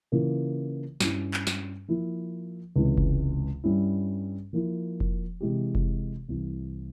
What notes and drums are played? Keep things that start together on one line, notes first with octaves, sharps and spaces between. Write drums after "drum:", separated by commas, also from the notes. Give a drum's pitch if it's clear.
C#3 E3 A#3 F4
G2 G3 C#4 E4, drum: snare
drum: clap
drum: snare
F3 A#3 E4
C#2 C3 E3 G#3 C#4
drum: kick F1
G2 G3 C#4 E4
F3 A#3 E4
drum: kick F1
C3 E3 G#3 E4 G4
drum: kick F1
C2 C3 E3